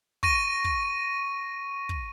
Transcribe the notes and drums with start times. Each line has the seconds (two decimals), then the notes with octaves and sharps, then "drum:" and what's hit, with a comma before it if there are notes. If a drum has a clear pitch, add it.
0.23 C#6 A#6 D#7, drum: kick
0.64 drum: kick
1.89 drum: kick